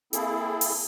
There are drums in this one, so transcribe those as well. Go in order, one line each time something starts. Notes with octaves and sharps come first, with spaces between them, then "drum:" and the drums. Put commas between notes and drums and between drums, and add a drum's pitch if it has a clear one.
A#3 C4 E4 G#4 A4, drum: hi-hat
drum: open hi-hat